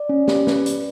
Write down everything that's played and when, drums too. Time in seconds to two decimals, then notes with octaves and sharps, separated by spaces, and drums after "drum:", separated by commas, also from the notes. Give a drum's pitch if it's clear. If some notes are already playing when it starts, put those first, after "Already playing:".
Already playing: D5
0.09 C#4
0.28 G4, drum: snare
0.47 B4, drum: snare
0.66 D5, drum: hi-hat